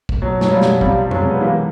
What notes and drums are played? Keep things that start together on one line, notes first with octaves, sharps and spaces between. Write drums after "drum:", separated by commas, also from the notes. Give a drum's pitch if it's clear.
drum: kick
B2 F#3
B2 F#3, drum: snare
F3 G3
B2, drum: snare
C3 F3 G3, drum: kick
F3
F#3 G#3, drum: tom
C3
B3
E3 G#3 A#3